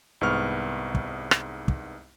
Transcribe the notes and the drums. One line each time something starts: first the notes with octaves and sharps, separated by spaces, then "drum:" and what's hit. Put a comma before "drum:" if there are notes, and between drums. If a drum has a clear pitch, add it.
C2 G#2 B3 C#6 F6
drum: kick
drum: rim click
drum: kick